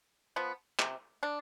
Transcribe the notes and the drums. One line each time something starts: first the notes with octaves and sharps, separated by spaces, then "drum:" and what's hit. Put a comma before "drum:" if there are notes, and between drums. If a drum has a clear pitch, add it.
F3 B3
C3, drum: clap
D4